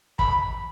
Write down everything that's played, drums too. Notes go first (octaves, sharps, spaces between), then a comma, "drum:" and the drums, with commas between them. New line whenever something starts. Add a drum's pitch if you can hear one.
B5, drum: kick